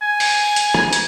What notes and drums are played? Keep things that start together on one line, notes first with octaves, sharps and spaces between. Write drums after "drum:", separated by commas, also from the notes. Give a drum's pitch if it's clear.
G#5
drum: open hi-hat
drum: hi-hat
drum: rim click
drum: hi-hat